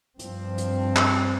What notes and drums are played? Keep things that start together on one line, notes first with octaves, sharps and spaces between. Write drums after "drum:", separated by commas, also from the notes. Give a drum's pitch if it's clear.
G2 F3 C4, drum: hi-hat
drum: hi-hat
drum: clap